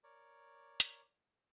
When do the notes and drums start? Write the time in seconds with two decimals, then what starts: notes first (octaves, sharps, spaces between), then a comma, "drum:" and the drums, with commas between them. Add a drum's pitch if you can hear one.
0.04 A#4 C#5 D5
0.80 drum: hi-hat